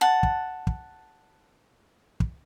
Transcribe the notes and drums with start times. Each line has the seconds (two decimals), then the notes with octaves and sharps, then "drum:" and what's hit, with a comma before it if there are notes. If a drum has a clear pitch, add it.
0.01 F#5 A5
0.23 drum: kick
0.67 drum: kick
2.20 drum: kick